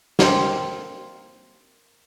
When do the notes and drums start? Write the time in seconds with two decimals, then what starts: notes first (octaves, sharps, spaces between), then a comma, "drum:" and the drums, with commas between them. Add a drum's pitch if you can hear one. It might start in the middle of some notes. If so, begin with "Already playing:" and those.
0.19 A#3 C4, drum: snare